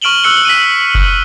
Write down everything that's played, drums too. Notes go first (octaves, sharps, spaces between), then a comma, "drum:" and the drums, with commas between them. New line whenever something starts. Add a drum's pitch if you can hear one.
C#6 F6 D7 E7 F#7 G7
C#6 E6 F#6 C#7 F#7 G7
B6 D#7
drum: kick F1